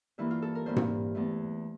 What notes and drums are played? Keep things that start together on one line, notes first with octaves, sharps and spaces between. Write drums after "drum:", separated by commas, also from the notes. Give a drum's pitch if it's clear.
G2 E3 A#3 E4
F4
A4
A#4
G2 E3 A#3 C5
drum: tom G#2
E2 E3 A3